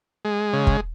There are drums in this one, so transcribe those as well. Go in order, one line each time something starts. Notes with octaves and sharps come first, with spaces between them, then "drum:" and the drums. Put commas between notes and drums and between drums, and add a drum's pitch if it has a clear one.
G#3
C#3
drum: kick